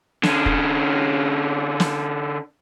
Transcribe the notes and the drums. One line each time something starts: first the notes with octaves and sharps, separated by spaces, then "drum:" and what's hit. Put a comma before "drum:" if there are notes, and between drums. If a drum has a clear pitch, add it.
D3 C#4, drum: snare
drum: kick
drum: snare